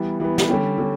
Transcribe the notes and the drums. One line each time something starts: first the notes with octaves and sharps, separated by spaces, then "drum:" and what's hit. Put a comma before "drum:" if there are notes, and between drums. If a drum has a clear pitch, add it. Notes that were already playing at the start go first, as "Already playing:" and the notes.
Already playing: E3 G3 B3
E3 G3 B3
drum: snare
D3 G3 C#4 G4
D3 G3 C#4